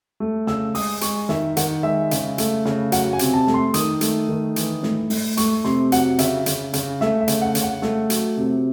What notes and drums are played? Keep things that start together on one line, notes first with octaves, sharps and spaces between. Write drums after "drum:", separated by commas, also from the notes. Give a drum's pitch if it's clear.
A3
C#3 E6, drum: snare
G#3 D#6, drum: open hi-hat
G#3 C#6, drum: hi-hat
D#3 E5, drum: snare
D#3 F#5, drum: hi-hat
G#3 E5
C#3, drum: hi-hat
A3, drum: hi-hat
C#3, drum: snare
F#3 F#5, drum: hi-hat
G#5
C3, drum: hi-hat
A5
A3, drum: snare
C6
D#3 D#6, drum: hi-hat
A3, drum: hi-hat
D#3
E3, drum: hi-hat
A2, drum: snare
A2, drum: open hi-hat
A3 C#6, drum: hi-hat
C3 C6, drum: snare
F#3 F#5, drum: hi-hat
C#3 E5, drum: hi-hat
C#3, drum: hi-hat
C#3, drum: hi-hat
A3 E5, drum: snare
E5
C#3, drum: hi-hat
F#5
C#3, drum: hi-hat
F#5
A3, drum: snare
F#3, drum: hi-hat
C3